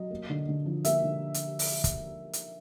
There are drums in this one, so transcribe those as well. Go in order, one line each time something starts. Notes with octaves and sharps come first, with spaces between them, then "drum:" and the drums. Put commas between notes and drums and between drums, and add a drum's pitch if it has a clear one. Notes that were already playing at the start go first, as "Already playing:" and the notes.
Already playing: F#3 D#5
A#3
D3
D3
F3
A#3 E5, drum: hi-hat
D3
drum: hi-hat
drum: open hi-hat
drum: kick, hi-hat
drum: hi-hat